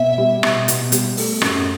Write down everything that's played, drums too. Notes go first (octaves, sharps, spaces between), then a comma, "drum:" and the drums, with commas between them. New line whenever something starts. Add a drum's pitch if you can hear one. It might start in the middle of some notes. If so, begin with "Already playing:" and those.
Already playing: B2 E5
G3
B2, drum: rim click
B2, drum: hi-hat
G3, drum: hi-hat
A3, drum: open hi-hat
F#2, drum: rim click